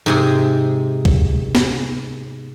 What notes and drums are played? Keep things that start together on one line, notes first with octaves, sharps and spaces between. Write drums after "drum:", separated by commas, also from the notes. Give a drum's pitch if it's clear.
G#2 C3 G#4
drum: kick C#2
drum: snare